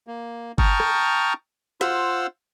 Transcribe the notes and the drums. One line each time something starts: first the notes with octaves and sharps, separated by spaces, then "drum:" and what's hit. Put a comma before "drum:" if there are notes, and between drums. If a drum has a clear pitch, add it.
A#3
G5 A5 A#5 C#6 D#6 F6, drum: kick G1
drum: rim click
F4 C5 F5 F#5 E6, drum: snare